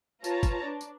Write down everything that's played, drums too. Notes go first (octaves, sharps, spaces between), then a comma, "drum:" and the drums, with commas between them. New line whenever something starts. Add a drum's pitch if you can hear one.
F4 B4 C#5 A5 A#5, drum: tambourine
drum: kick, tambourine
D4
drum: tambourine